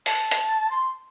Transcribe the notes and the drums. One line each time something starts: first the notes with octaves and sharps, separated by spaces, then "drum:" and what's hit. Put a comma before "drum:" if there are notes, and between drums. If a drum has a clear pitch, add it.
A5, drum: open hi-hat
drum: hi-hat
C6